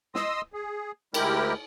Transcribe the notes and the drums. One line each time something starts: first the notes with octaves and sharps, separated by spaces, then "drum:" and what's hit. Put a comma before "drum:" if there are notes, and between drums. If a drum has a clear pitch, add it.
D#5 C6 D#6 E6, drum: snare
G#4
D2 G#3 E4 G4 A#4 G5, drum: cymbal